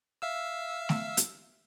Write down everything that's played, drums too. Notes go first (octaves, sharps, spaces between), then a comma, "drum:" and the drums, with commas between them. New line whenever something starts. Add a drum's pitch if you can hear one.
E5 F5 E6
drum: snare A3
drum: hi-hat